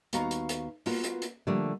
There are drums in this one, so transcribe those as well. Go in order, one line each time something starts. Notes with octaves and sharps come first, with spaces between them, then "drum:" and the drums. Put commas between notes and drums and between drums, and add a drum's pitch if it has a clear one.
D#2 B3 F#4 F5 A#5, drum: hi-hat
drum: hi-hat
drum: hi-hat
A#3 B3 F4 F#4, drum: open hi-hat
drum: hi-hat
drum: hi-hat
D3 F3 G3 A3 A#3